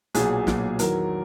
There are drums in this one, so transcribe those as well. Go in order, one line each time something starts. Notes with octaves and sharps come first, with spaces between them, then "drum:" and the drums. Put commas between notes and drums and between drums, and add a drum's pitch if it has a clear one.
B1 A#2 F#3 G#4, drum: hi-hat
B1 A#2 F#3, drum: snare
E2 D#3 F#3 A#4, drum: hi-hat